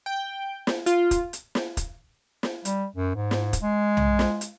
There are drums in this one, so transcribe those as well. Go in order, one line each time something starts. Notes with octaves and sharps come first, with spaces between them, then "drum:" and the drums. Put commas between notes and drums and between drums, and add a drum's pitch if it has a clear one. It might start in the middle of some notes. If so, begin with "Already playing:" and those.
G5
drum: snare
F4, drum: hi-hat
drum: kick, hi-hat
drum: hi-hat
drum: snare
drum: kick, hi-hat
drum: snare
G3, drum: hi-hat
F#2
G#2
drum: snare
drum: kick, hi-hat
G#3
drum: tom
drum: snare
drum: hi-hat